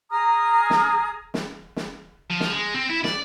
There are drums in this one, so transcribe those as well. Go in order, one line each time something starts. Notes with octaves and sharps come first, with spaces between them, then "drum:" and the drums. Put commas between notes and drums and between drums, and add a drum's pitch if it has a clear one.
G#4 A#5 D#6 F6
drum: snare
drum: snare
drum: snare
F3
drum: snare
G#3
C4
E4
D5, drum: snare